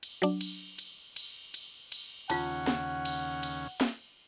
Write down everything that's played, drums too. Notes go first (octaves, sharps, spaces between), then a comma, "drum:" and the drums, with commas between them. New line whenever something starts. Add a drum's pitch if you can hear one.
drum: cymbal
F#3 D4
drum: cymbal
drum: cymbal
drum: cymbal
drum: cymbal
drum: cymbal
D#2 C#3 C#4 F4 F#5 A5, drum: cymbal
drum: snare
drum: cymbal
drum: cymbal
drum: snare